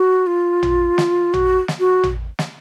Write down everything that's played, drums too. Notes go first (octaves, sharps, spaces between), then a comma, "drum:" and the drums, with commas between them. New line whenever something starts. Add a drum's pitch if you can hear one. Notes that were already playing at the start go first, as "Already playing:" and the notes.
Already playing: F#4
F4
drum: tom A1
drum: snare
F#4, drum: tom A1
drum: snare
F#4
drum: tom A1
drum: snare